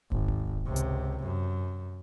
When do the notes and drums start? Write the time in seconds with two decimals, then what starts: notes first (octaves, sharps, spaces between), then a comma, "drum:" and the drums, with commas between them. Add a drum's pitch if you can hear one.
0.12 G#1, drum: kick
0.28 drum: kick
0.66 C#2 C3
0.76 drum: hi-hat
1.24 F#2